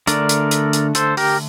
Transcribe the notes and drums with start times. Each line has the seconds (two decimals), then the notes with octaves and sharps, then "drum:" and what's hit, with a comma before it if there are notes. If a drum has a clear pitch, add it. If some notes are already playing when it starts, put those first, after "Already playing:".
0.07 D3 A3 D4 A#4 D5, drum: hi-hat
0.29 drum: hi-hat
0.51 drum: hi-hat
0.73 drum: hi-hat
0.95 A4 C5, drum: hi-hat
1.17 G4 A#4, drum: open hi-hat